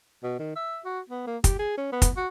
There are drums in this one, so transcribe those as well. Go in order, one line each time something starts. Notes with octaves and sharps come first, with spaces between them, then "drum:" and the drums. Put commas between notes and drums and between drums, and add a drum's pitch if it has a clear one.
B2
D#3
E5
F#4
B3
A#3
G4, drum: kick, hi-hat
G#4
C#4
B3
drum: kick, hi-hat
F#4